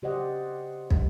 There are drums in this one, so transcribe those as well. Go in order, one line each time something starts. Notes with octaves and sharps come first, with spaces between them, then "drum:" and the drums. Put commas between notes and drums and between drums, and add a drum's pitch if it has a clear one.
C#3 G4 C5 D5 D#5 F#5
drum: kick